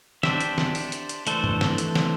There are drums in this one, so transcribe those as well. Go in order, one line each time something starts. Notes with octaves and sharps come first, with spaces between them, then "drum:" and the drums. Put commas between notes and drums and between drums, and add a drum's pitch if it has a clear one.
D4 G4 C5 E5, drum: snare
drum: hi-hat
drum: snare
drum: open hi-hat
drum: hi-hat
drum: hi-hat
E3 A3 D4 A4 C5, drum: hi-hat
drum: tom G2
drum: snare
drum: hi-hat
drum: snare